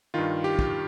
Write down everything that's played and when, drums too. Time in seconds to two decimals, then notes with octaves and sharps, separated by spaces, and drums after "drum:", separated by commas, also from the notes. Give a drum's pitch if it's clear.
0.14 G2 D#3 F4
0.44 G4
0.59 drum: kick